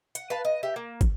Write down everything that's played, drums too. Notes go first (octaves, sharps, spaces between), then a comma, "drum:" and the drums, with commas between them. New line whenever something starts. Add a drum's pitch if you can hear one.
F#5, drum: hi-hat
B4 F5 A5
D#5
G4 E5
A#3
drum: kick, hi-hat